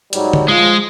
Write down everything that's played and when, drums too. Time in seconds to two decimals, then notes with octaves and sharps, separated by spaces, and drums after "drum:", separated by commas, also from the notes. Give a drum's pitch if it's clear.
0.13 G#2 F#3 G3, drum: hi-hat
0.33 drum: tom D3
0.48 F3 G#3